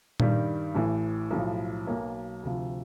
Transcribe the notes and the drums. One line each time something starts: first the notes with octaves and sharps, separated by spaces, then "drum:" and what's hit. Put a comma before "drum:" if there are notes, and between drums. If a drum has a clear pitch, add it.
G2 D#3 G3, drum: tom A#2
A1 A2 E3
B1 A2 F3
B1 B2 F#3 A#3
D2 C3 F3